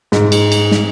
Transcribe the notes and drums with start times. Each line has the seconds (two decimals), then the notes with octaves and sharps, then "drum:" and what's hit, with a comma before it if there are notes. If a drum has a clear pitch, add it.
0.12 G#2, drum: snare
0.32 drum: cymbal
0.52 drum: cymbal
0.71 drum: snare